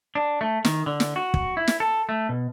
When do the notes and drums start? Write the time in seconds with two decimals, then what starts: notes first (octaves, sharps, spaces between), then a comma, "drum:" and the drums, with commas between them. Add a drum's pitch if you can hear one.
0.15 D4
0.41 A3
0.65 D#3, drum: snare
0.86 D3
1.00 drum: snare
1.16 F#4
1.34 drum: kick
1.57 E4
1.68 drum: snare
1.80 A4
2.09 A3
2.29 B2